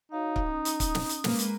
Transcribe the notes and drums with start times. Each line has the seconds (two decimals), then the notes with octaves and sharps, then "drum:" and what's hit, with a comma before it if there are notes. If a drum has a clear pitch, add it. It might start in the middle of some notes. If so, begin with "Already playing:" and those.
0.12 D#4 F#4 C#5 F5
0.36 drum: kick C#1
0.47 C#4 D#6
0.65 drum: hi-hat
0.80 drum: kick C#1, hi-hat
0.95 drum: snare
1.09 drum: hi-hat
1.24 G#3 A#3 B4, drum: snare
1.39 drum: hi-hat